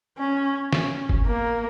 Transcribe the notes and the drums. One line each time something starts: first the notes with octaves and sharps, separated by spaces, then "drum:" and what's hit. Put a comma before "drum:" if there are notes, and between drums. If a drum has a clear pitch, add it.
C#4
C#4, drum: snare
drum: kick G1
A#3